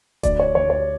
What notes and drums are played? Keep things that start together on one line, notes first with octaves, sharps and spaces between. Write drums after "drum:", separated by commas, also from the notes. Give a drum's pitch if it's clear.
D2 D5, drum: kick D#1, hi-hat
C#5
D2 C#5
C#5